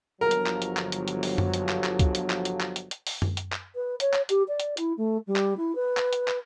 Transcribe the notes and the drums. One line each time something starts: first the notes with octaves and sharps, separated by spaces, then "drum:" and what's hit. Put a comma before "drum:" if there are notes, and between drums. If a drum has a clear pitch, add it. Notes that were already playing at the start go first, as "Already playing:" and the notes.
G1 F3 F#3 A#4
drum: hi-hat
drum: clap
drum: hi-hat
drum: clap
drum: hi-hat
drum: hi-hat
drum: open hi-hat
drum: tom F#2
drum: hi-hat
drum: clap
drum: clap
drum: kick, hi-hat
drum: hi-hat
drum: clap
drum: hi-hat
drum: clap
drum: hi-hat
drum: hi-hat
drum: open hi-hat
drum: tom F#2
drum: hi-hat
drum: clap
B4
C#5, drum: hi-hat
drum: clap
G4, drum: hi-hat
D5
drum: hi-hat
E4, drum: hi-hat
A3
G3
drum: clap
E4
B4
drum: clap
drum: hi-hat
drum: clap